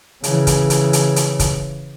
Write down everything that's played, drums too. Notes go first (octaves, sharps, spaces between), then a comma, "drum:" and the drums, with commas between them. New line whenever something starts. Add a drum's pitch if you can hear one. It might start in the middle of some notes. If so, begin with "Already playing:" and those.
C#3 E3, drum: hi-hat
drum: kick, hi-hat
drum: hi-hat
drum: hi-hat
drum: hi-hat
drum: kick, hi-hat